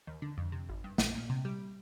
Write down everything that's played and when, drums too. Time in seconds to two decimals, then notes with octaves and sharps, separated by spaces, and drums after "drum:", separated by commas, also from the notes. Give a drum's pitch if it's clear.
0.07 D#2
0.22 D3
0.38 F2
0.52 C3
0.69 G#1
0.84 G2
0.98 A#1, drum: snare
1.15 A#2
1.30 C3
1.45 G3